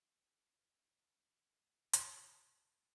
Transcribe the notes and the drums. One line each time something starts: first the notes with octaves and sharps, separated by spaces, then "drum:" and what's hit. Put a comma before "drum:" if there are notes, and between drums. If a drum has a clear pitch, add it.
drum: hi-hat
D#2 F#3 G3 G#4 A#4
G3